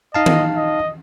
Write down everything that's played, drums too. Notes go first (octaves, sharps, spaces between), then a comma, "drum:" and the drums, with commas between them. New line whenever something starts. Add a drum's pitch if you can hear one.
D#4 D#5 F5 A5
drum: tom D#3
D#5